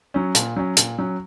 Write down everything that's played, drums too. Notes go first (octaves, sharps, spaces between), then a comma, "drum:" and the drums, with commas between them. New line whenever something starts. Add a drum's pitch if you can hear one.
F#3 C#4
A#2, drum: hi-hat
F#3 C#4
A#2, drum: hi-hat
F#3 C#4